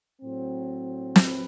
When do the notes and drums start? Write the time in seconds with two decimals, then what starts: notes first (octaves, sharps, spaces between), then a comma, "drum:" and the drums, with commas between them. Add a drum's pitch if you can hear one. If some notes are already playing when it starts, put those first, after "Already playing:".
0.22 A2 F#3 C4
1.16 B4, drum: snare